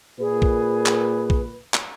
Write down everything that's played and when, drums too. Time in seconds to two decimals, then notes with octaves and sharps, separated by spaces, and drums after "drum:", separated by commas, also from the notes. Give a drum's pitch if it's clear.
0.20 A#2 G#4 B4
0.42 drum: kick
0.86 drum: clap
1.30 drum: kick
1.74 drum: clap